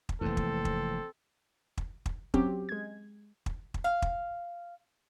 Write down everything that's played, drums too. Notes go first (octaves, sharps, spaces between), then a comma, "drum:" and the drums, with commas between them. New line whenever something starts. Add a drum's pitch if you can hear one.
drum: kick
F1 F2 E3 A3 A#3 C4 A4
drum: kick
drum: kick
drum: kick
drum: kick
F#3 C4 C#4 G4, drum: kick
G#3 G#6
drum: kick
drum: kick
F5
drum: kick